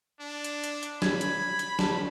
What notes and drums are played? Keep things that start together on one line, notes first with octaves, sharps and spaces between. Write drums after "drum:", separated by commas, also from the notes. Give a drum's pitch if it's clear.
D4
drum: hi-hat
drum: hi-hat
drum: hi-hat
B5 G#6, drum: snare
drum: hi-hat
drum: hi-hat
A5, drum: snare